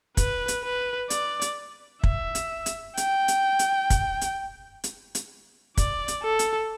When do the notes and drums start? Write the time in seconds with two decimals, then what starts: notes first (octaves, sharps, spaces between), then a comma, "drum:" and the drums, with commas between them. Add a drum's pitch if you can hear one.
0.17 B4, drum: kick, hi-hat
0.48 drum: hi-hat
0.63 B4
1.10 D5, drum: hi-hat
1.42 drum: hi-hat
2.04 E5, drum: kick
2.35 drum: hi-hat
2.66 drum: hi-hat
2.97 G5, drum: hi-hat
3.28 drum: hi-hat
3.59 drum: hi-hat
3.90 drum: kick, hi-hat
4.21 drum: hi-hat
4.84 drum: hi-hat
5.15 drum: hi-hat
5.77 D5, drum: kick, hi-hat
6.08 drum: hi-hat
6.23 A4
6.39 drum: hi-hat